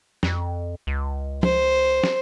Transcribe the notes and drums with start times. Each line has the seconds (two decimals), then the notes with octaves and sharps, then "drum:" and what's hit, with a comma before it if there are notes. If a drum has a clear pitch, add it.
0.23 F2, drum: snare
0.87 C#2
1.43 C5, drum: tom
2.04 drum: snare